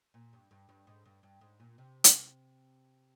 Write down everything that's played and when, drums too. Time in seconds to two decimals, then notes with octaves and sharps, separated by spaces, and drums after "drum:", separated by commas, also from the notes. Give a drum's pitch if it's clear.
0.14 A#2
0.33 G2
0.51 G2
0.69 G2
0.87 G#2
1.06 G2
1.23 G2
1.41 G#2
1.60 A#2
1.78 C3
2.04 drum: hi-hat